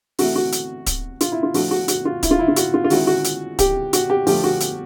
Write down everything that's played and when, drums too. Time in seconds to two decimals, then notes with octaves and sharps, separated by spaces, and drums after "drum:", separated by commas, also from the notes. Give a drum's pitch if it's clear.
0.18 C3 E3 A3 F#4, drum: open hi-hat
0.36 F#4
0.53 drum: hi-hat
0.87 drum: kick, hi-hat
1.21 F4, drum: hi-hat
1.32 E4
1.43 F4
1.54 F3 A3 D4 F#4, drum: open hi-hat
1.71 F#4
1.88 F#4, drum: hi-hat
2.05 F4
2.23 E4, drum: kick, hi-hat
2.31 F4
2.39 E4
2.48 F4
2.56 F#4, drum: hi-hat
2.74 F4
2.84 F4
2.90 D#3 G#3 C#4 E4 F#4, drum: open hi-hat
3.07 F#4
3.25 drum: hi-hat
3.59 G4, drum: kick, hi-hat
3.93 F#4, drum: hi-hat
4.10 G4
4.27 F3 A3 D4 G4, drum: open hi-hat
4.44 F#4
4.61 drum: hi-hat